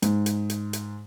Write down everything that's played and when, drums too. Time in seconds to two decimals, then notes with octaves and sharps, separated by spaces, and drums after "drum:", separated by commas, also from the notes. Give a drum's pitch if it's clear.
0.02 G#2, drum: hi-hat
0.26 drum: hi-hat
0.50 drum: hi-hat
0.73 drum: hi-hat